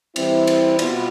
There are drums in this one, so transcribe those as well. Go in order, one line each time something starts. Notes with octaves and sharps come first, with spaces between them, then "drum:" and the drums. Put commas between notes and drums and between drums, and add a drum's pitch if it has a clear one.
E3 G3 C4 E4, drum: cymbal
drum: cymbal
B2 B3 F4 B4, drum: cymbal